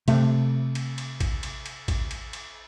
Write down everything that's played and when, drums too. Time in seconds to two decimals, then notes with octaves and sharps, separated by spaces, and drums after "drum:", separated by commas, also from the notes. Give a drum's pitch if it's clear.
0.08 C3 A3, drum: cymbal
0.75 drum: cymbal
0.98 drum: cymbal
1.20 drum: kick A1, cymbal
1.43 drum: cymbal
1.66 drum: cymbal
1.88 drum: kick A1, cymbal
2.11 drum: cymbal
2.33 drum: cymbal